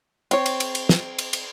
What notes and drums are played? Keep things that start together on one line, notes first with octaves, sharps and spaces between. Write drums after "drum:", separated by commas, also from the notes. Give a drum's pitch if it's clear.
C4 C#5, drum: cymbal
drum: cymbal
drum: cymbal
drum: cymbal
drum: snare
drum: cymbal
drum: cymbal